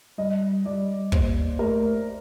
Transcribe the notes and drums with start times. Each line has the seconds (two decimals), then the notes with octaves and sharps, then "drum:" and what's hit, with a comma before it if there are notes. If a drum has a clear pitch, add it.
0.18 G3 D#5
0.65 G3 D5
1.12 A#3 C5, drum: kick
1.59 A3 A#4